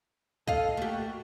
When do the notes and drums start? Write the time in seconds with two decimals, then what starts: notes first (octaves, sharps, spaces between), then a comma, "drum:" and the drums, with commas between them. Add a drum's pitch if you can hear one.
0.48 A4 D#5 F5, drum: kick
0.77 A3 A#3 F#4 G4